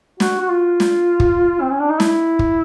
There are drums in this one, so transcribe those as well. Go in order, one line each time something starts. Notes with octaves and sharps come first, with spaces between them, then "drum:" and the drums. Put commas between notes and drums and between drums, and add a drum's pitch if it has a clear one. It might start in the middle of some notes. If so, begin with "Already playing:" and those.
F#4, drum: snare
F#4
F4
drum: snare
drum: kick
C4
C#4
D4
D#4
E4, drum: snare
drum: kick